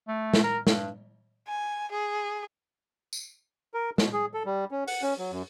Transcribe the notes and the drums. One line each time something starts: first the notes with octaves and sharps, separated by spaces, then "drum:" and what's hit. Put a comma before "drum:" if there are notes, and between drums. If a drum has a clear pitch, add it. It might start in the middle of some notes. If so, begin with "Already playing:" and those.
A3
drum: snare
A#4
G2, drum: snare
G#5
G#4
drum: tambourine
A#4
B2, drum: snare
G#4
A4
G3
C#4
F#5, drum: open hi-hat
C#4
F#3
F#2